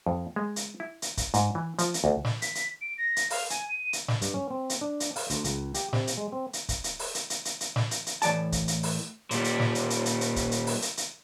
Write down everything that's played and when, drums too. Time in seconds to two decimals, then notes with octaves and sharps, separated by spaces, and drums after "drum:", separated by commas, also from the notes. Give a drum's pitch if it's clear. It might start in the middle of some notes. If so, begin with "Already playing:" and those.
0.06 F2
0.36 G#3
0.56 drum: hi-hat
0.80 E4
1.02 drum: hi-hat
1.17 drum: kick, hi-hat
1.34 G#2, drum: hi-hat
1.55 E3
1.79 F3, drum: hi-hat
1.94 drum: hi-hat
2.04 D2
2.25 drum: snare
2.42 B6, drum: hi-hat
2.55 drum: hi-hat
2.81 D7
2.98 A#6
3.16 drum: hi-hat
3.30 F5, drum: open hi-hat
3.50 G#5, drum: hi-hat
3.69 D#7
3.93 drum: hi-hat
4.08 drum: snare
4.22 G2, drum: hi-hat
4.34 C#4
4.50 C4
4.70 drum: hi-hat
4.81 D4
5.00 drum: hi-hat
5.16 F5, drum: open hi-hat
5.30 D2, drum: hi-hat
5.44 C#2, drum: hi-hat
5.74 G4, drum: hi-hat
5.93 C3, drum: snare
6.07 drum: hi-hat
6.17 G#3
6.32 C4
6.53 drum: hi-hat
6.69 drum: kick, hi-hat
6.84 drum: hi-hat
6.99 drum: open hi-hat
7.15 drum: hi-hat
7.30 drum: hi-hat
7.45 drum: hi-hat
7.60 drum: hi-hat
7.76 drum: snare
7.91 drum: hi-hat
8.06 drum: hi-hat
8.22 A2 E3 D5 A5, drum: hi-hat
8.52 drum: kick, hi-hat
8.68 drum: hi-hat
8.83 drum: open hi-hat
9.31 A#2 G3, drum: hi-hat
9.44 drum: hi-hat
9.60 drum: snare
9.75 drum: hi-hat
9.90 drum: hi-hat
10.05 drum: hi-hat
10.21 drum: hi-hat
10.36 drum: kick, hi-hat
10.51 drum: hi-hat
10.67 drum: open hi-hat
10.82 drum: hi-hat
10.97 drum: hi-hat